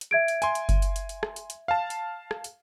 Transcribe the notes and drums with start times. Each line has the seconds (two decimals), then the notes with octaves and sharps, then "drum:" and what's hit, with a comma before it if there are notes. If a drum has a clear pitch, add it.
0.01 drum: hi-hat
0.11 E5 G#6 D7
0.28 drum: hi-hat
0.42 G#5 C6, drum: hi-hat
0.55 drum: hi-hat
0.69 drum: kick F#1, hi-hat
0.82 drum: hi-hat
0.96 drum: hi-hat
1.09 drum: hi-hat
1.23 drum: rim click
1.36 drum: hi-hat
1.50 drum: hi-hat
1.68 F5 A5
1.90 drum: hi-hat
2.31 drum: rim click
2.44 drum: hi-hat